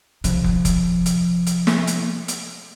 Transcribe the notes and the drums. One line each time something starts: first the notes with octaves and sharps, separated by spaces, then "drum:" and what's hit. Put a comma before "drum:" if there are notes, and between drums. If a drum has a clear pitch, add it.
C3 F3, drum: hi-hat
drum: kick
drum: kick, hi-hat
drum: hi-hat
drum: hi-hat
drum: snare
drum: hi-hat
drum: hi-hat